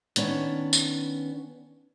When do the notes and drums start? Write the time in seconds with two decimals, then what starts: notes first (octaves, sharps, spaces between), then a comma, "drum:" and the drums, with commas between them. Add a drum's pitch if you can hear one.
0.16 D#3 B3 C#4 D4, drum: hi-hat
0.73 drum: tambourine